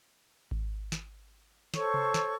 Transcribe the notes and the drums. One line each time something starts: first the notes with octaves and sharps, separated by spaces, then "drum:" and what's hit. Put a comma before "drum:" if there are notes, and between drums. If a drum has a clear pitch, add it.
drum: kick G#1
drum: snare
A4 C5 C#5 C#6, drum: snare
drum: tom C3
drum: snare